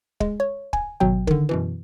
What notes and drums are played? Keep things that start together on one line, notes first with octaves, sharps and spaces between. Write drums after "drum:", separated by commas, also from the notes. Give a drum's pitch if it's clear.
G#3, drum: kick
C#5
G#5, drum: kick
G#1 B2 F#3 G5
D3 D#3, drum: kick
F#2 B2 E3